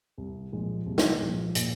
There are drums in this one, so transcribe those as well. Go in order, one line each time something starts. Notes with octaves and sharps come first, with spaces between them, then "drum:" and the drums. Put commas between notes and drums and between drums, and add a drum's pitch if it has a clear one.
C2
A#2 F3 G#3
C2
drum: snare
A#2 F3 G#3
A#2, drum: hi-hat